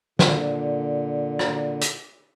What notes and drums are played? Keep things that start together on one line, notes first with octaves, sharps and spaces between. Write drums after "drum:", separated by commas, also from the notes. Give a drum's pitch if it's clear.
A#2 D3, drum: snare
drum: rim click
drum: hi-hat